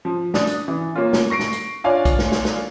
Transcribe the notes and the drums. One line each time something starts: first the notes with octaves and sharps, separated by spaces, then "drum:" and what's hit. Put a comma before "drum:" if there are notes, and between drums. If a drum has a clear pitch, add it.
F3
D4 D#6 A6, drum: snare
drum: hi-hat
E3
A#3 C#4 F4
drum: snare
C#6 A#6 C7 D7
drum: snare
drum: hi-hat
D4 F4 C#5 D5 F5 G#5
drum: kick B1, hi-hat
drum: snare
drum: snare
drum: snare